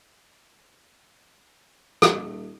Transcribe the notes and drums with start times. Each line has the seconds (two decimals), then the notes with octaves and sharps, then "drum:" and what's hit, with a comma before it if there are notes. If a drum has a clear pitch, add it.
2.02 D#1, drum: rim click